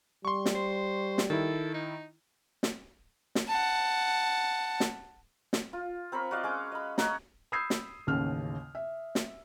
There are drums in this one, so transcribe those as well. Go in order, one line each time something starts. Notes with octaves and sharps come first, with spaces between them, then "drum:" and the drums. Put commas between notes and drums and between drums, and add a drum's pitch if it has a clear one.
G3 C6 C#6
drum: snare
C5
drum: snare
D#3 E4 A4
D#4
drum: snare
drum: snare
F#5 A5
drum: snare
drum: snare
F4
C4 A#4 C#5 B5
F#4 D5 D#5 F5
G#3 C#4 D6
D#5 B5
C#5 D#5 F#5 A#5, drum: snare
B5 D#6 E6 G6 G#6 C7
drum: snare
A1 D#2 C#3 F6
E5
drum: snare